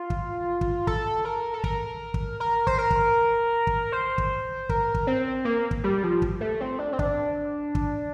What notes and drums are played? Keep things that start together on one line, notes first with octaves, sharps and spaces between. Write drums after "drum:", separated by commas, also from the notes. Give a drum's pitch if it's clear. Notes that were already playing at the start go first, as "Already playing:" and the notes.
Already playing: F4
drum: kick
drum: kick
A4, drum: kick
A#4
A4
A#4, drum: kick
drum: kick
A#4
C5, drum: kick
A#4
drum: kick
drum: kick
C5
drum: kick
A#4, drum: kick
drum: kick
C4
A#3
drum: kick
G3
F3
drum: kick
A3
C4
D4
C4
D4, drum: kick
drum: kick